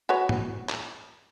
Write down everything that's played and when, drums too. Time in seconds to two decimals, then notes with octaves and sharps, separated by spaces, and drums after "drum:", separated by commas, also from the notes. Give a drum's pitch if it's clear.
0.09 F#4 B4 C#5
0.29 drum: tom
0.70 drum: clap